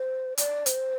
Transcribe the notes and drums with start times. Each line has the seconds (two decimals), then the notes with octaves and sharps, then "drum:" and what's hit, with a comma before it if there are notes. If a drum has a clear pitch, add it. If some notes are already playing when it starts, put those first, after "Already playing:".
Already playing: C5
0.38 D5, drum: hi-hat
0.66 C5, drum: hi-hat